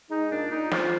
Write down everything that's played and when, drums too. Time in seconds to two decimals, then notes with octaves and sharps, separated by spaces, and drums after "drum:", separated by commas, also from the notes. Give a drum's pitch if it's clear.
0.10 G#3 D#4
0.31 A#2 D4
0.51 A#2 D#4
0.72 F3 F4, drum: snare